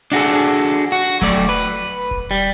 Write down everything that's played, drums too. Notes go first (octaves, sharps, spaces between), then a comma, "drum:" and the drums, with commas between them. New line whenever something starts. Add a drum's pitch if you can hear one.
D4 F#4 G#4 A4
F#4
F#3 A3 D5, drum: kick E1
B4
drum: kick E1
G3